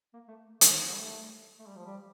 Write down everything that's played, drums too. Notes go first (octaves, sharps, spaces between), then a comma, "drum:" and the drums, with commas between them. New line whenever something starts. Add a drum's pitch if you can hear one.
A#3
A3
D3, drum: hi-hat
D#3
F3
G3
A3
A3
G3
F3
G3